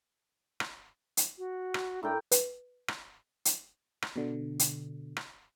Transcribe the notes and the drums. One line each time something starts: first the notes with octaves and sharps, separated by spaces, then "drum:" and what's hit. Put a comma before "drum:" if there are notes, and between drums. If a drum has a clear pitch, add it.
drum: rim click
drum: hi-hat
F#4
drum: rim click
A2 D4 A#4 G5
B4, drum: hi-hat
drum: rim click
drum: hi-hat
drum: rim click
B2 D3
drum: hi-hat
drum: rim click